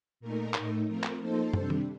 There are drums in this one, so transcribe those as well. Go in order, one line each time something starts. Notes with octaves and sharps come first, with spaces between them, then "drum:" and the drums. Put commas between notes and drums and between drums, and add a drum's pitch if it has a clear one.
A#2 A3 D#4 A#4
A2 A3 D#4, drum: clap
F3 A3 C4 F4 A#4
drum: clap
F3 A#3 D#4 A4 C5
C3 G3 D4, drum: tom
drum: tom D#3